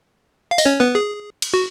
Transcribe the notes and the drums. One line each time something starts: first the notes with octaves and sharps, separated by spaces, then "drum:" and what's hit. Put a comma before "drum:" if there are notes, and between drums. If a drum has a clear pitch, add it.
F5
D#5, drum: open hi-hat
C#4 C#5
B3 B4
G#4
drum: cymbal
F#4